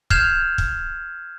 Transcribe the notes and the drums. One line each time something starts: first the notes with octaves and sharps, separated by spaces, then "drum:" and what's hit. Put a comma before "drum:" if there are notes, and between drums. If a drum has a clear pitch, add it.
F6 G6 G#6 C7 E7 F7, drum: kick
drum: kick